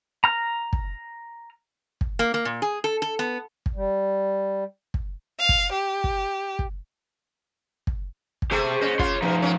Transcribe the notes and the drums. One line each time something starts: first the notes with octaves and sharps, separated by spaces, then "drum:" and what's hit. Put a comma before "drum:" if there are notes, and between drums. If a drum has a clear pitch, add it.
A#5 F6
drum: kick
drum: kick
A#3
A#3
A#2
G#4
A4
A4
B3
drum: kick
G3
drum: kick
F5
drum: kick
G4
drum: kick
drum: kick
drum: kick
drum: kick
A3 G4 G#4 C5
C#4 C5 D#5
F4 C#5 C6, drum: kick
B2 F3 D#4
A#3 C4 C#4